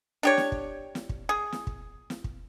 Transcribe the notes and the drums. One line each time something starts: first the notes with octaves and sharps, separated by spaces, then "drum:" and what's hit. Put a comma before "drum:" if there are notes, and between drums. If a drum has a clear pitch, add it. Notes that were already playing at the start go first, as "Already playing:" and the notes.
D4 G4 C#5
drum: snare
drum: kick
drum: snare
drum: kick
G#4
drum: snare
drum: kick
drum: snare
drum: kick